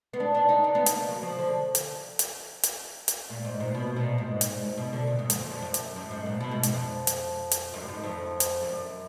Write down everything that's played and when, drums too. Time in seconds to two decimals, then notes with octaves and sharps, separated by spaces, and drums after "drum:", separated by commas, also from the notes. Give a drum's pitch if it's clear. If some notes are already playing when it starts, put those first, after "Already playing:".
0.13 B3
0.20 D4
0.35 D4
0.49 D#4
0.64 D4
0.75 B3
0.86 A#3, drum: hi-hat
1.08 F#3
1.23 F3
1.38 D3
1.75 drum: hi-hat
2.19 drum: hi-hat
2.63 drum: hi-hat
3.08 drum: hi-hat
3.30 A#2
3.44 G#2
3.60 A#2
3.74 B2
3.96 A#2
4.18 G#2
4.41 drum: hi-hat
4.64 F#2
4.77 B2
4.93 D3
5.07 A#2
5.19 G#2
5.30 F2, drum: hi-hat
5.41 F#2
5.52 F2
5.62 F#2
5.74 drum: hi-hat
5.96 F#2
6.11 G#2
6.26 A#2
6.40 B2
6.51 G#2
6.63 F#2, drum: hi-hat
6.74 F2
7.07 drum: hi-hat
7.51 drum: hi-hat
7.74 F#2
7.89 G#2
8.03 F2
8.40 drum: hi-hat
8.63 F#2